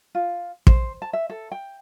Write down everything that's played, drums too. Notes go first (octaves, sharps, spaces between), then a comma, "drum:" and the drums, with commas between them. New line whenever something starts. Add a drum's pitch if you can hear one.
F4
C5, drum: kick
A5
E5
A4
G5